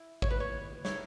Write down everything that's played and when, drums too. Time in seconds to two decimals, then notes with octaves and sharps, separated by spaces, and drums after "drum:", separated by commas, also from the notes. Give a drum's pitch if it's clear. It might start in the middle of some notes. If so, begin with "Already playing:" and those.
Already playing: E4
0.22 C#5, drum: kick
0.31 B4
0.40 C#5
0.85 E4 A#4 C#5, drum: snare